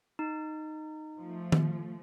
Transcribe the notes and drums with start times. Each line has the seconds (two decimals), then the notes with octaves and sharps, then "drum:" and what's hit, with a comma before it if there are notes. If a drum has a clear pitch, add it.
0.19 D#4
1.19 F3 A3
1.52 drum: tom D#3